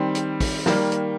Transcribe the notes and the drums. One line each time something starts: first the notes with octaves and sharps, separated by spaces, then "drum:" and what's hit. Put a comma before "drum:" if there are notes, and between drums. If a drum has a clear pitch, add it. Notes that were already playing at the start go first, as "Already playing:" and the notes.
Already playing: D#3 G3 C4
drum: hi-hat
drum: kick, open hi-hat
D#3 G3 A#3, drum: snare
drum: hi-hat